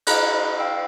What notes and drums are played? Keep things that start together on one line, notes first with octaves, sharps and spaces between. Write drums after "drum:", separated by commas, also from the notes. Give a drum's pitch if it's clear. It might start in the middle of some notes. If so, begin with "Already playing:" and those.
D#5 A#5 B5 F#6, drum: cymbal
F5 G5 E6